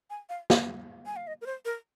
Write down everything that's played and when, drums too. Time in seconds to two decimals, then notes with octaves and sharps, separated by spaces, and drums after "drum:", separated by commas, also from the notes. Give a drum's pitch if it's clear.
0.10 G#5
0.29 F5
0.50 drum: snare
1.06 G#5
1.16 F5
1.27 D#5
1.41 A#4
1.46 C5
1.65 A#4